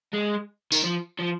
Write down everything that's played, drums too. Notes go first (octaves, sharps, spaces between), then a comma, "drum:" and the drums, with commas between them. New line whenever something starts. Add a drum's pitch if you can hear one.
G#3
D#3, drum: tambourine
F3
F3